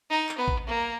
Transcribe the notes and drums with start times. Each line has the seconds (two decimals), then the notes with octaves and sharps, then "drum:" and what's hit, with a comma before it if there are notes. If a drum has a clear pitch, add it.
0.10 D#4
0.29 drum: clap
0.38 B3
0.48 drum: kick A1
0.67 A#3